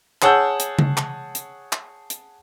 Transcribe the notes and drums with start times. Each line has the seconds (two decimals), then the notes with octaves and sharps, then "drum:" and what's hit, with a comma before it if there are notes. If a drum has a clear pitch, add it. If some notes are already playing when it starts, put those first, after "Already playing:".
0.22 G#4 C#5 F#5 A5 E6 G6, drum: clap
0.60 drum: hi-hat
0.79 drum: tom C#3
0.97 drum: clap
1.35 drum: hi-hat
1.73 drum: clap
2.10 drum: hi-hat